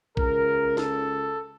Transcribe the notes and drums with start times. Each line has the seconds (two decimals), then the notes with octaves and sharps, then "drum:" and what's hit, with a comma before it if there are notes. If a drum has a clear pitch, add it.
0.17 C#2 C#3 A#4, drum: kick A#1
0.77 A4, drum: snare